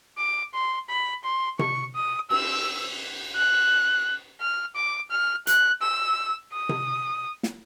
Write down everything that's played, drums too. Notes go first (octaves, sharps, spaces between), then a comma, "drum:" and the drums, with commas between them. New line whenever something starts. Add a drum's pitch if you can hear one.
D6
C6
B5
C6
C#6, drum: tom C3
D#6
E6, drum: cymbal
F#6
F6
D6
F6
F#6, drum: hi-hat
E6
D#6
drum: tom C3
drum: snare